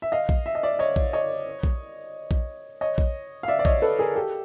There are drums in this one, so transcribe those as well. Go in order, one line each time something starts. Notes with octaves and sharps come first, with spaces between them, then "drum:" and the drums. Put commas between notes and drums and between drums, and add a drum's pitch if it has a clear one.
E5
D#5 F5
drum: kick A#1
E5
D#5
D5 E5
C#5 D#5
drum: kick A#1
C#5 D#5
drum: kick A#1
drum: kick A#1
C#5 D#5
drum: kick A#1
F5
D5 E5
D5
C#5 D#5, drum: kick A#1
A4 B4
G#4 A#4
G4 A4